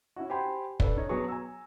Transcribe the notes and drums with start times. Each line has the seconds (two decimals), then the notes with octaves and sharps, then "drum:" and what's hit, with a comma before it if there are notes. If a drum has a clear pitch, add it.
0.16 C#4 E4 F#4
0.30 G4 C5 G5 G#5 B5 C6
0.80 D4 A4 B4, drum: kick
0.97 C#4 D#4 C#5
1.09 B2 F#3 B3 G#4 B4 C#6
1.29 G#5 A#5 E6